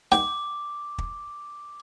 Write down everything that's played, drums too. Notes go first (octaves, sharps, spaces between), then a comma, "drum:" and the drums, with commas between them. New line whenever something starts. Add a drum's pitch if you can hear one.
G5 D6, drum: snare
drum: kick